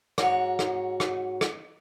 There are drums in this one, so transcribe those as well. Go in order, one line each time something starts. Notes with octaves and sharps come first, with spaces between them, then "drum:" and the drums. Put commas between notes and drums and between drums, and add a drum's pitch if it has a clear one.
G#2 F#4 C#5, drum: rim click
drum: rim click
drum: rim click
drum: rim click